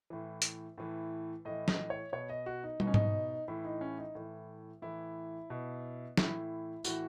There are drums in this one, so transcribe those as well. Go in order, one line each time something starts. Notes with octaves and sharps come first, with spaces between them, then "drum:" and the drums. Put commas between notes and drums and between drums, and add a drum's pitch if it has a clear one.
A2 E3
drum: hi-hat
A2 E3
A2 E3 D#5
D#5, drum: snare
C#5
B2 C#5
D#5
F#4
D#4
B2 D#4, drum: tom
C#4
D#4, drum: tom G#2
A2 E3 E4
D#4
C#4
D#4
A2 E3
A2 E3 E4
B2
A2 E3 E4, drum: snare
A2 E3 F#4, drum: tambourine